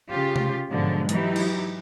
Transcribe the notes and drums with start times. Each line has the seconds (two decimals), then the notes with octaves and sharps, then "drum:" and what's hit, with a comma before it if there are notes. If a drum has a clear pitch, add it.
0.10 C#3 F4 G4
0.36 drum: tom C3
0.71 G#2 B2 D3 F3 F#3 G#3
1.09 E3 F#3 D#4 E4 G4, drum: hi-hat
1.36 drum: cymbal